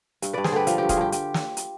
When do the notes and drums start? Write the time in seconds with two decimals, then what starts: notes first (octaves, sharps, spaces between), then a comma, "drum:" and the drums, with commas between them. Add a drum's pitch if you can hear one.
0.22 G2, drum: hi-hat
0.33 G2 B4 D5
0.44 G#4 C5, drum: snare
0.52 D3 G4 B4
0.67 F3, drum: hi-hat
0.78 G2 G4
0.89 F4 G#4, drum: kick E1, hi-hat
0.97 G2 G4
1.12 G4, drum: hi-hat
1.34 drum: snare
1.57 drum: hi-hat